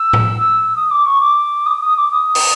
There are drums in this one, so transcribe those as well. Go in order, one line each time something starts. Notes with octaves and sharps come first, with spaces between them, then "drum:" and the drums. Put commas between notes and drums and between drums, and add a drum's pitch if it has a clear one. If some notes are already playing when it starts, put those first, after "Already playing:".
Already playing: E6
drum: tom A2
D#6
D6
C#6
D6
D#6
D#6
D6
D#6
drum: open hi-hat